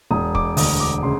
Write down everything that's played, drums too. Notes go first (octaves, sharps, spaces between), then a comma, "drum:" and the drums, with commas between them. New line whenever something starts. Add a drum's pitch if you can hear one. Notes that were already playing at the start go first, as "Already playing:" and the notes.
E1 D#6
D6, drum: kick
D2 D#6, drum: open hi-hat
D6
C#3 C6